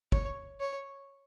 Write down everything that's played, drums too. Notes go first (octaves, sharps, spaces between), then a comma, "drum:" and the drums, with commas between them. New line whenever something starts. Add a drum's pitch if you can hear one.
C#5, drum: kick
C#5